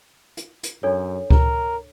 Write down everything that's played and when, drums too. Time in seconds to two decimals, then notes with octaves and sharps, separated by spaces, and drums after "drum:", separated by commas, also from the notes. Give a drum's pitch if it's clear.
0.37 drum: hi-hat
0.63 drum: hi-hat
0.83 F#2 D4 A4 C#5
1.30 A#4, drum: kick C#2